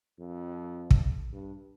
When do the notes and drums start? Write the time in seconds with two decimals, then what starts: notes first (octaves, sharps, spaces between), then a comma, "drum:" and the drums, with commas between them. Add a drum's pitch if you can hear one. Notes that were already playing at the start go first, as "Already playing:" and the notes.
0.20 F2
0.91 drum: kick
1.33 G2